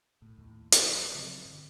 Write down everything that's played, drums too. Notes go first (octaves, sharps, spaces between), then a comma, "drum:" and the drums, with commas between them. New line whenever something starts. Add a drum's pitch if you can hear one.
A2
D#2 A2
F3, drum: hi-hat
C#3 F#3 C4
G#2 D3